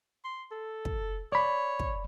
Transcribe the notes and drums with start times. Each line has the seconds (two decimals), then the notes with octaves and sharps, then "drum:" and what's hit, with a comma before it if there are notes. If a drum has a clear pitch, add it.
0.24 C6
0.51 A4
0.85 drum: kick
1.32 C#5 D5 B5
1.79 drum: kick